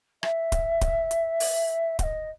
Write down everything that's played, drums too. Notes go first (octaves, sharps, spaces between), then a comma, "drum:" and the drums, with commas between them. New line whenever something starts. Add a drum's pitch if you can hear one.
E5, drum: rim click
drum: kick D1, hi-hat
drum: kick D1, hi-hat
drum: hi-hat
drum: open hi-hat
F#5, drum: kick D1, hi-hat
D#5